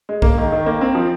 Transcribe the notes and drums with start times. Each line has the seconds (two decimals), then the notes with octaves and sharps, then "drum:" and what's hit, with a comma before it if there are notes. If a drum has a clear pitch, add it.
0.09 G#3
0.22 A#3, drum: kick B1
0.38 D#3
0.52 D#3
0.66 A#3
0.81 C4
0.95 F3